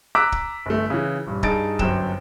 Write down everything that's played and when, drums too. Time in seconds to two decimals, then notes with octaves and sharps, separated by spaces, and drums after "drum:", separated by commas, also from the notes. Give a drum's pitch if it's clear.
0.15 A#5 D6 E6 F#6 B6 D7
0.32 drum: kick
0.66 G1 A3
0.90 C#3 E3
1.27 D#1 G2
1.43 G2 D#4 G#4 A5 A6 D7, drum: kick
1.79 G1 F#2 F#3 C5 G5 E7, drum: kick